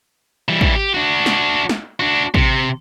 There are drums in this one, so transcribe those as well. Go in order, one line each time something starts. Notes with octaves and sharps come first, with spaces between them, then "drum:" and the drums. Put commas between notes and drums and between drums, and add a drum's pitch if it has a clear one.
E3 G3
drum: kick
G4
D4 F#4
drum: snare
drum: snare
D4 F#4
C3, drum: kick